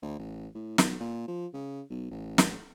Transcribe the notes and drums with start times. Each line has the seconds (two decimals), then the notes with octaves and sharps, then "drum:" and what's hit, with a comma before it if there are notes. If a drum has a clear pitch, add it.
0.02 D2
0.19 A1
0.55 A2
0.78 B1, drum: snare
1.00 A#2
1.28 F3
1.54 C#3
1.90 B1
2.11 A1
2.38 drum: snare